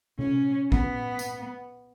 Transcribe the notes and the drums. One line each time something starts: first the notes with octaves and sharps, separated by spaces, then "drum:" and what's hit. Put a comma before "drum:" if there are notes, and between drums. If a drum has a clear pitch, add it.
C#4, drum: tom C3
B3, drum: kick
drum: tambourine